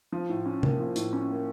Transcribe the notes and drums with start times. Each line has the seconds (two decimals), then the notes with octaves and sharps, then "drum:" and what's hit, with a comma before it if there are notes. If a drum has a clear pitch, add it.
0.12 F3
0.29 A2
0.46 C#4
0.63 A#3, drum: tom C3
0.79 F3
0.96 A2, drum: hi-hat
1.13 C#4
1.30 A#3